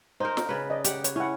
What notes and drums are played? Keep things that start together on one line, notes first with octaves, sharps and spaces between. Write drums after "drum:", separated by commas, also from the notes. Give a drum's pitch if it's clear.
D#4 A#4 C5
drum: snare
C#3 B4
D5 D#5
G4 F#5, drum: hi-hat
C#5, drum: hi-hat
C#4 E4 F#5